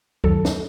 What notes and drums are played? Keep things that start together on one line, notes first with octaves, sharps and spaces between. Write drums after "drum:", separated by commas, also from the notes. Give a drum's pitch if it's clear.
F#2 D#3 F#3 A4, drum: kick
drum: snare